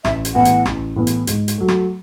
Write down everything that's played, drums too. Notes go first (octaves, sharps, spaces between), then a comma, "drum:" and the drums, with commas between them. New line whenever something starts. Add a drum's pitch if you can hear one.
A1 E5, drum: rim click
drum: hi-hat
A2 E3 B3 F#5
drum: hi-hat
A1, drum: rim click
A2 E3 B3
drum: hi-hat
G#2, drum: hi-hat
drum: hi-hat
F#3 A3
drum: rim click